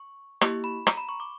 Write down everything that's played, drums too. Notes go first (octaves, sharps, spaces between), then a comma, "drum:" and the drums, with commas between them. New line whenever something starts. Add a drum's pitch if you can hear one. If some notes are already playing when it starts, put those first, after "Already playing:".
Already playing: C#6
A#3 E4 G4 C#6, drum: rim click
B5
A#5, drum: rim click
B5
C#6
D6